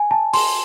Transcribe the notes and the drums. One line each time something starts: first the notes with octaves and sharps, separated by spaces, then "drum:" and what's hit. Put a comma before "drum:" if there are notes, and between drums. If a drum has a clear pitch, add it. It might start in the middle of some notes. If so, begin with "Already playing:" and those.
Already playing: G#5
A5
C6, drum: open hi-hat